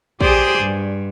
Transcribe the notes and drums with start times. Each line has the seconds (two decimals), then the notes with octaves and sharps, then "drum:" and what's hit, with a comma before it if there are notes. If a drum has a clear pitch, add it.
0.21 G4 G#4 C5 D5 D#6, drum: kick
0.59 G2